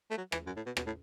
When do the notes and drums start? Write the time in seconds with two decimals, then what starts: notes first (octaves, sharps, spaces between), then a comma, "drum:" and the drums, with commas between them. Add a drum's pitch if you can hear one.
0.11 A3
0.17 F#3
0.32 E3, drum: rim click
0.47 F#2
0.57 A2
0.66 B2
0.77 B2, drum: rim click
0.86 A2